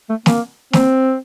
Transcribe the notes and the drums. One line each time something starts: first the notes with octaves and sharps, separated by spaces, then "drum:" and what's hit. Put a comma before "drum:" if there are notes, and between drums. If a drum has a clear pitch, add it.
A3
A#3, drum: snare
C4, drum: snare